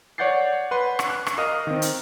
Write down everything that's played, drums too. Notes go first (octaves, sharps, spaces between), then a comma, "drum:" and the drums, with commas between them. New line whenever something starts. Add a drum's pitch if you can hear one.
C#5 D5 F#5 G6 A6 C7
B4 F#5 B5 C6
drum: rim click
F#6
drum: rim click
A#4 D#5 F5 D#6 F6
D#3 C4
drum: hi-hat